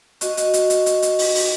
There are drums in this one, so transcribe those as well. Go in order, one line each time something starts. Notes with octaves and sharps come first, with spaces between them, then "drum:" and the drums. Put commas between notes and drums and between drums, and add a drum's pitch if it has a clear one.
F#4 D#5 C#6, drum: hi-hat
drum: hi-hat
drum: hi-hat
drum: hi-hat
drum: hi-hat
drum: hi-hat
drum: open hi-hat
drum: open hi-hat